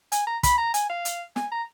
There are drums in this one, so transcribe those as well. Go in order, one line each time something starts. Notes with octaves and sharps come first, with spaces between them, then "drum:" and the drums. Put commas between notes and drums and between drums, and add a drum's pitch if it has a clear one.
G#5, drum: hi-hat
A#5
B5, drum: kick, hi-hat
A#5
G#5, drum: hi-hat
F5
drum: hi-hat
G#5, drum: snare
A#5